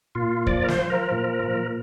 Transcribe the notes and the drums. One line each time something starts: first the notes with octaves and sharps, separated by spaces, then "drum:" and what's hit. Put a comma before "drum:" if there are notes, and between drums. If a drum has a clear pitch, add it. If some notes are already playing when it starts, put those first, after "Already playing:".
A#2 F4
F3 D5, drum: kick
A#4
C5, drum: snare
F3
A#4
A#2
A#2